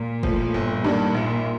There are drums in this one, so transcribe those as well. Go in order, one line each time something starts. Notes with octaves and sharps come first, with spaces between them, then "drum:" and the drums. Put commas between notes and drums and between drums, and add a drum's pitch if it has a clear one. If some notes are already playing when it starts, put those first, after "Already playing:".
Already playing: A#2
A2 F3, drum: kick
G1
G2 D#3 A#3 D4
A#1 A#2